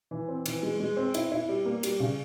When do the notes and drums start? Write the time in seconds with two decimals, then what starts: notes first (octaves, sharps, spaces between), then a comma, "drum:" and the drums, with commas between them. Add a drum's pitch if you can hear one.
0.11 E3
0.28 C4
0.46 E3, drum: cymbal
0.63 G#3
0.80 G#3
0.96 C4
1.14 E4, drum: cymbal
1.31 E4
1.49 G3
1.65 A#3
1.83 G3, drum: cymbal
2.00 C#3